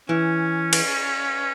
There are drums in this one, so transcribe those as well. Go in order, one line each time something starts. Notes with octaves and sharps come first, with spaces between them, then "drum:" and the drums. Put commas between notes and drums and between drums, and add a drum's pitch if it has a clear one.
E3 C#4
drum: cymbal